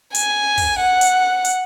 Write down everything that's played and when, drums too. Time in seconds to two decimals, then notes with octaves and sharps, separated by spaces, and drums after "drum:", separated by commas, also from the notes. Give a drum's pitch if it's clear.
0.15 G#5, drum: hi-hat
0.58 drum: kick, open hi-hat
0.80 F#5
1.01 drum: hi-hat
1.45 drum: hi-hat